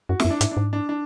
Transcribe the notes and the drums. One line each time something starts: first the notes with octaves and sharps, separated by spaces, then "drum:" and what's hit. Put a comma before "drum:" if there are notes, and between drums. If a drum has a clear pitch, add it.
F#2 F#4
E4, drum: snare
F#2
D4
G#2 E4, drum: hi-hat
D4
G#2
D4
D4